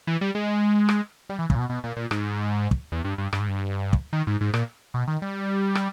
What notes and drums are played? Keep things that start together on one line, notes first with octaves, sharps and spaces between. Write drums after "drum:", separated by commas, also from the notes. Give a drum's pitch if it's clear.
E3
G3
G#3
drum: rim click
G3
E3
C#3, drum: kick
A#2
B2
B2
A#2
A#2
G#2, drum: rim click
drum: kick
E2
G2
G2
G2, drum: rim click
G#2
G2
drum: kick
D#3
G#2
G#2
A#2, drum: rim click
B2
D#3
G3
drum: rim click